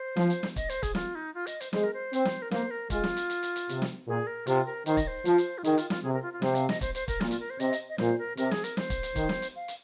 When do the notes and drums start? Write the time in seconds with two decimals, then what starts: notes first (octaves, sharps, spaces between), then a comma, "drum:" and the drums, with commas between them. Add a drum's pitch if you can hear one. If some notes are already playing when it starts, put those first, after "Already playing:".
Already playing: C5
0.16 F3, drum: snare
0.30 drum: hi-hat
0.43 drum: snare
0.56 D#5, drum: kick, hi-hat
0.69 C5, drum: hi-hat
0.83 G#4, drum: kick, hi-hat
0.95 F4, drum: snare
1.15 D#4
1.34 F4
1.47 D#5, drum: hi-hat
1.61 C5, drum: hi-hat
1.73 G#3 C5, drum: snare
1.83 A#4
1.94 C5
2.13 C4, drum: hi-hat
2.25 drum: snare
2.42 A#4
2.51 A#3 C5, drum: snare
2.71 A#4
2.90 G#3 F4, drum: kick, hi-hat
3.04 drum: snare
3.17 drum: hi-hat
3.30 drum: hi-hat
3.43 drum: hi-hat
3.56 drum: hi-hat
3.69 C3, drum: hi-hat
3.82 drum: snare
4.08 A#2 G#4
4.27 A#4
4.47 C3 F4, drum: hi-hat
4.66 A#4
4.86 D#3 C5, drum: hi-hat
4.97 D#5, drum: kick, hi-hat
5.07 C5
5.25 F3, drum: hi-hat
5.38 drum: hi-hat
5.58 F4
5.64 D#3 G#4, drum: hi-hat
5.78 F4, drum: hi-hat
5.90 F4, drum: snare
6.03 C3 G#4
6.13 A#4
6.22 F4
6.33 F4
6.42 C3 C5, drum: snare
6.55 F5, drum: hi-hat
6.69 D#5, drum: snare
6.81 C5, drum: kick, hi-hat
6.95 C5, drum: hi-hat
7.08 A#4, drum: kick, hi-hat
7.21 A#2 F4, drum: snare
7.31 F4, drum: hi-hat
7.40 A#4
7.50 C5
7.60 C3 D#5, drum: hi-hat
7.73 drum: hi-hat
7.89 D#5
7.98 A#2 C5, drum: snare
8.19 A#4
8.37 C3 A#4, drum: hi-hat
8.51 G#4, drum: snare
8.64 A#4, drum: hi-hat
8.77 C5, drum: snare
8.90 drum: kick, hi-hat
9.03 drum: hi-hat
9.16 D#3, drum: kick, hi-hat
9.29 drum: snare
9.42 drum: hi-hat
9.56 F5
9.68 drum: hi-hat